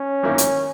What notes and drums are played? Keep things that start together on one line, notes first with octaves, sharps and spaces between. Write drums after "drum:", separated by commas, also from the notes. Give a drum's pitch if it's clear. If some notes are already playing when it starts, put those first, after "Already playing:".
Already playing: C#4
G#1 F#2 D#3 A#3 E4
drum: hi-hat